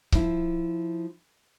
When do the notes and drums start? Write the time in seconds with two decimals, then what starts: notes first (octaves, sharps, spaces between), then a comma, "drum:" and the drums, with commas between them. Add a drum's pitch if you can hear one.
0.12 F3 E4, drum: kick C#1